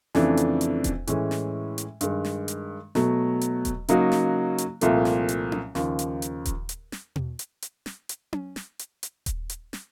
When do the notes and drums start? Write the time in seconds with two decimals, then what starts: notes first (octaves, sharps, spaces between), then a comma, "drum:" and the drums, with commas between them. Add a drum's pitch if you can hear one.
0.15 F2 C#3 E3 A3 D4, drum: snare
0.37 drum: hi-hat
0.61 drum: hi-hat
0.84 drum: kick D#1, hi-hat
1.07 A2 E3 G#3 C#4, drum: hi-hat
1.31 drum: snare
1.78 drum: hi-hat
2.01 G2 D#3 G#3, drum: hi-hat
2.24 drum: snare
2.48 drum: hi-hat
2.95 B2 F#3 A3, drum: snare
3.41 drum: hi-hat
3.65 drum: kick D#1, hi-hat
3.88 C#3 F#3 A#3 D#4 F#4, drum: hi-hat
4.12 drum: snare
4.58 drum: hi-hat
4.81 C2 A#2 F3 A3, drum: hi-hat
5.05 drum: snare
5.29 drum: hi-hat
5.52 drum: tom C#4
5.75 D#2 C#3 F3, drum: snare
5.99 drum: hi-hat
6.22 drum: hi-hat
6.45 drum: kick D#1, hi-hat
6.69 drum: hi-hat
6.92 drum: snare
7.16 drum: tom B2
7.39 drum: hi-hat
7.62 drum: hi-hat
7.86 drum: snare
8.09 drum: hi-hat
8.33 drum: tom C#4
8.56 drum: snare
8.79 drum: hi-hat
9.03 drum: hi-hat
9.26 drum: kick D#1, hi-hat
9.50 drum: hi-hat
9.73 drum: snare